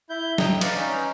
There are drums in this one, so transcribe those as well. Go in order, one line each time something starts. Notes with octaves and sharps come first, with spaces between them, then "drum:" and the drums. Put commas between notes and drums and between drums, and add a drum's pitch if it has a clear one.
E4 G6
D#5 G5 A#5, drum: snare
B4 D5 F5 A#5 B5, drum: cymbal
C#4 D#4